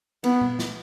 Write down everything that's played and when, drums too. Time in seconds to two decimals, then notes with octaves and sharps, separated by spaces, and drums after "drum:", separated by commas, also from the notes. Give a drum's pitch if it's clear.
0.24 B3, drum: cymbal
0.41 drum: tom A#2
0.59 drum: snare